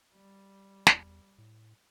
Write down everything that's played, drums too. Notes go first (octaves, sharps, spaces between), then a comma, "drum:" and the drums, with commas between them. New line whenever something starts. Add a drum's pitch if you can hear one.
G3
E2, drum: snare
A2